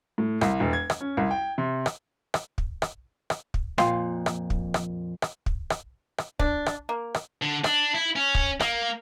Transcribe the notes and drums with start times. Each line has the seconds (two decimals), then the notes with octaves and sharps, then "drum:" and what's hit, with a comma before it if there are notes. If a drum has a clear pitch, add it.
0.18 A2
0.41 C2, drum: rim click
0.60 E1
0.73 G#6
0.90 drum: rim click
1.01 C#4
1.17 C2
1.31 G5
1.58 C3
1.86 drum: rim click
2.34 drum: rim click
2.58 drum: kick
2.82 drum: rim click
3.30 drum: rim click
3.54 drum: kick
3.78 F2 A#2 F5 G5 C6, drum: rim click
4.26 drum: rim click
4.50 drum: kick
4.74 drum: rim click
5.22 drum: rim click
5.46 drum: kick
5.70 drum: rim click
6.18 drum: rim click
6.39 D4, drum: kick
6.66 drum: rim click
6.89 A#3
7.14 drum: rim click
7.42 D3
7.64 D4, drum: rim click
7.95 E4
8.16 C#4
8.35 drum: kick
8.60 A#3, drum: rim click